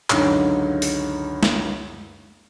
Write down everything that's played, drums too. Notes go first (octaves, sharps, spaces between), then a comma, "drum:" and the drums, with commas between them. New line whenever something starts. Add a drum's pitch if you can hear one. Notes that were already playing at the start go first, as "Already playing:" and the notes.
C#2 F#2 D3 D#3 F#3, drum: clap
drum: open hi-hat
drum: snare